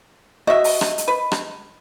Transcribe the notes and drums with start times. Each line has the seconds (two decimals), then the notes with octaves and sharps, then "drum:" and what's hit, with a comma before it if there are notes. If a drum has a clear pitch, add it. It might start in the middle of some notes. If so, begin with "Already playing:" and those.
0.47 F#4 D#5 E5
0.64 drum: open hi-hat
0.81 drum: rim click
0.98 drum: hi-hat
1.08 B4
1.32 drum: rim click